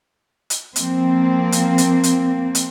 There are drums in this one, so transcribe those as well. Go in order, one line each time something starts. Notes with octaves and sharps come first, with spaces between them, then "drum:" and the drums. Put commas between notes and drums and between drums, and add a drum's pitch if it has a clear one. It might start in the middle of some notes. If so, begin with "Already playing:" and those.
drum: hi-hat
F3 A#3 C4, drum: hi-hat
drum: hi-hat
drum: hi-hat
drum: hi-hat
drum: hi-hat